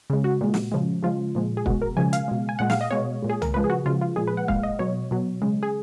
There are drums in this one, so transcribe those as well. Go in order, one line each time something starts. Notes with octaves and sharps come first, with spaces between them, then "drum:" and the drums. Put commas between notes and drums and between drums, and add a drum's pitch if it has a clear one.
C#3 G#3
F#4
A#2 G#3
drum: snare
C#3 F3 G#3
C#3 F3 G#3 F4
A#2 F3 G#3
G#4
B2 G#3 F#4, drum: kick
A#4
C#3 F3 G#3 G#5
F5, drum: hi-hat
B2 G#3
G#5
A#2 G#3 F#5
F5, drum: snare
D#5
B2 G#3 C#5
A#2 G#3
G#4
A#4, drum: tom
C#3 F3 G#3 B4
G#4
F#4
C#3 F3 G#3 F4
F4
A#2 F3 G#3 G#4
B4
F#5
A#2 G#3 F5, drum: kick
D#5
B2 F#3 C#5
B2 F#3
C#3 G#3
G#4